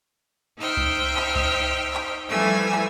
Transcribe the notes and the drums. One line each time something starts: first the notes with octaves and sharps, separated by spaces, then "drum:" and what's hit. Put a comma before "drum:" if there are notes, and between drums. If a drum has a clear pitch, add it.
D#4 C5 E5 G5 F6
drum: kick C2
drum: clap
drum: kick C2
drum: clap
E3 F3 G3 A3 G#5 E6
drum: clap